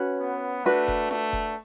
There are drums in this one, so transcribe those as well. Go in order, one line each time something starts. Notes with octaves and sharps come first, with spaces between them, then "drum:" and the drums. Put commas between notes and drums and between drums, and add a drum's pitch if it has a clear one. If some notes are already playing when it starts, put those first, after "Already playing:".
Already playing: C#4 F#4 B4
B3
A3 D4 F#4 B4
drum: kick F1
A3, drum: snare
drum: kick F1